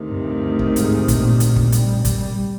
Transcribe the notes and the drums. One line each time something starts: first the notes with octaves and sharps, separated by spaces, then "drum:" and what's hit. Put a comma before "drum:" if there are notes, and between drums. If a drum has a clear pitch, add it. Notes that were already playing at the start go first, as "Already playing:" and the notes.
Already playing: D2 C3 D#3
G2
drum: kick
G#2, drum: hi-hat
A#2, drum: kick, hi-hat
drum: hi-hat
drum: kick
G3, drum: hi-hat
G3, drum: kick, hi-hat